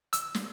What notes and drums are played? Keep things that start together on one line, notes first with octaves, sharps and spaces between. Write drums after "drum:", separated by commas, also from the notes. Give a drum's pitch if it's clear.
E6, drum: hi-hat
drum: snare